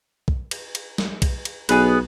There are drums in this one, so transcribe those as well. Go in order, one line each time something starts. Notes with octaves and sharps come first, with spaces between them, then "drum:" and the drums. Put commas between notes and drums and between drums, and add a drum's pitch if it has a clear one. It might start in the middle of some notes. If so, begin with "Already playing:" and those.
drum: kick B1
drum: cymbal
drum: cymbal
drum: snare
drum: kick B1, cymbal
drum: cymbal
B1 B3 G#4 B4, drum: cymbal